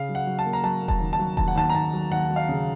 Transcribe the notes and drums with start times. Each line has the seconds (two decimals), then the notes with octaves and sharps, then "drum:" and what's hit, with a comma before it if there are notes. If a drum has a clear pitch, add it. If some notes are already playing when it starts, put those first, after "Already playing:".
Already playing: C#3 F5
0.09 F#3
0.15 F#5
0.27 F#3
0.39 A5
0.45 A#3
0.53 A#5
0.63 F#3 A5
0.82 A#3
0.88 A5, drum: kick E1
1.00 D#2
1.13 A5
1.19 F#3
1.37 D#2 A5, drum: kick E1
1.48 F#5
1.56 D#2 A5
1.70 A#5
1.74 D#2 A5
1.93 F#3
2.11 D#2 F#5
2.30 F#3
2.36 F5
2.49 C#3